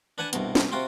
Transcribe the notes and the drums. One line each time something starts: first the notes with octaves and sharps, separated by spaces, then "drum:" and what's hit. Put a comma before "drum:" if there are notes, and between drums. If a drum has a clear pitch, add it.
D4 B4 F#5 G#5 A5
C2 G2 B2, drum: hi-hat
drum: snare
C3 F4 F#4 G5 C6